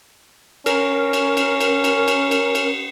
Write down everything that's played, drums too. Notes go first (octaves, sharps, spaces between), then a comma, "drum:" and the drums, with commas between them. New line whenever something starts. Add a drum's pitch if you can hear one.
C#4 A#4, drum: cymbal
drum: cymbal
drum: cymbal
drum: cymbal
drum: cymbal
drum: cymbal
drum: cymbal
drum: cymbal